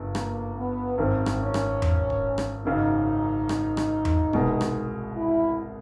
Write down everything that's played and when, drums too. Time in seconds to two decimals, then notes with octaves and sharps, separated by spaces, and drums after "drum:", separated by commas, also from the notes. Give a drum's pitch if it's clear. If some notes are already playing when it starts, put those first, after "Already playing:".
Already playing: G1 F#2 C#3
0.15 A#3, drum: rim click
0.57 B3
0.98 G#1 F#2 D#3 C4
1.26 drum: rim click
1.41 C#4
1.54 drum: rim click
1.82 drum: tom E2
2.10 drum: kick D#1
2.38 drum: rim click
2.65 G#1 F#2 C#3 D#4
3.49 drum: rim click
3.77 drum: rim click
4.05 drum: tom E2
4.33 C2 B2 G#3, drum: kick D#1
4.61 drum: rim click
5.17 E4